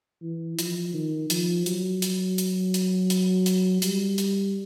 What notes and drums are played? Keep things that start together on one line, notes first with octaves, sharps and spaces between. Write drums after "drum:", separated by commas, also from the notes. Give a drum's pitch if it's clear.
E3
F3, drum: hi-hat
D#3
F3, drum: hi-hat
F#3, drum: hi-hat
drum: hi-hat
drum: hi-hat
drum: hi-hat
drum: hi-hat
drum: hi-hat
G3, drum: hi-hat
drum: hi-hat